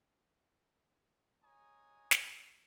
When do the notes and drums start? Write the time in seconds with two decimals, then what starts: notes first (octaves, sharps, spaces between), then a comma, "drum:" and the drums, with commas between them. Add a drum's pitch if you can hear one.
1.43 G#3 C#5 G#5 A#5 D#6
2.11 drum: snare